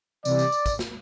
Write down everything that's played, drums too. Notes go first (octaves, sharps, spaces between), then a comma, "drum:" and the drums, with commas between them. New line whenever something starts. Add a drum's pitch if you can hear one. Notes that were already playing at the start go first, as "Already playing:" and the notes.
C3 E3 G3 D5, drum: tambourine
drum: tambourine
drum: tambourine
drum: kick, tambourine
drum: snare